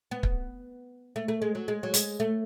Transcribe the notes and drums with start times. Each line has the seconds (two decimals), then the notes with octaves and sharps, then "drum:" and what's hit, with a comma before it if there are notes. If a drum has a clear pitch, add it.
0.11 B3
0.23 drum: kick
1.16 A3
1.28 A3
1.42 G#3
1.55 F#3
1.68 G#3
1.83 F#3
1.94 G#3, drum: hi-hat
2.20 A3